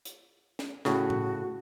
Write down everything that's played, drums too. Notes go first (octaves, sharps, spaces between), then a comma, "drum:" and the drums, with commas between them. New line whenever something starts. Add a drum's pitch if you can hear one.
drum: hi-hat
drum: snare
A2 C#3 F#4, drum: snare
drum: tom A2